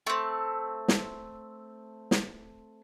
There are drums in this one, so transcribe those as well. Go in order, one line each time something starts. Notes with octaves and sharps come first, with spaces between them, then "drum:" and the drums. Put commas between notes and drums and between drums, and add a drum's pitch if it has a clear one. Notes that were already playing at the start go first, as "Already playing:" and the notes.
A3 C4
drum: snare
drum: snare